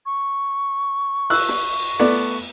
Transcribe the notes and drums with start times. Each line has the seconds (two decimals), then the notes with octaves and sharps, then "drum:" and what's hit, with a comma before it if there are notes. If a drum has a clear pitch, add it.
0.06 C#6
1.30 E6 F#6, drum: cymbal
1.49 drum: snare
1.99 A3 B3 D5